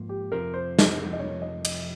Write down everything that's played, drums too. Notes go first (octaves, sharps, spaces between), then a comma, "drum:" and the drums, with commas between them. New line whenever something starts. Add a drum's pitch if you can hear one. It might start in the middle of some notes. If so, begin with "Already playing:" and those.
Already playing: G#2 F3 A#3
G4
F2 C3 F3 C4 A#4
C5
drum: snare
D#5
C#5
D#5
D#5, drum: cymbal